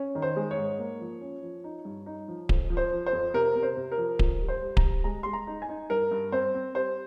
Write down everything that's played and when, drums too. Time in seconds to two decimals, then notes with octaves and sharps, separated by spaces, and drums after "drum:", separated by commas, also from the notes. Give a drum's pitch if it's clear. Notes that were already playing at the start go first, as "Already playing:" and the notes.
Already playing: C#4
0.15 D#3
0.22 C5
0.36 G#3
0.51 C#5
0.58 G#2
0.79 A#3
1.00 F3
1.21 C#4
1.43 F3
1.64 D#4
1.85 G2
2.06 D#4
2.28 F3
2.49 F2, drum: kick D1
2.70 F3
2.77 C5
2.92 F3
3.06 C5
3.13 F2
3.34 C3 A#4
3.55 C3
3.63 C5
3.77 C3
3.92 A#4
3.98 F3
4.19 F2 A#4, drum: kick D1
4.41 G3
4.48 C5
4.62 G3
4.77 A#5, drum: kick D1
4.84 G3
5.04 G#3 A#5
5.23 G#3 C6
5.33 A#5
5.47 D#4
5.62 G#5
5.69 D#4
5.90 G2 A#4
6.11 G2
6.32 C4 C5
6.54 C4
6.75 G3 C5